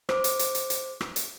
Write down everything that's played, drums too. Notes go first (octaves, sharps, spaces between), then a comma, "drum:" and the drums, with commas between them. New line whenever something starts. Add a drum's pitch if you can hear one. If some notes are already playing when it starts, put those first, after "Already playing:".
C5 D6, drum: rim click
drum: hi-hat
drum: hi-hat
drum: hi-hat
drum: hi-hat
drum: rim click
drum: hi-hat